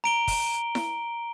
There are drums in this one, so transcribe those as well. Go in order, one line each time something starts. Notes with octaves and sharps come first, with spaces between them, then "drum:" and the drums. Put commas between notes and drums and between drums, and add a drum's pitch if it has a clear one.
A#5 D7 G7
drum: kick, open hi-hat
drum: snare E4